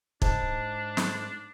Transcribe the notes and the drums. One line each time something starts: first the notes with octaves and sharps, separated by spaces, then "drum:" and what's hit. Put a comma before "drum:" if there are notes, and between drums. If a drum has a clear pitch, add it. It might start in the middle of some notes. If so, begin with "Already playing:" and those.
G#2 D4 A5, drum: kick
drum: snare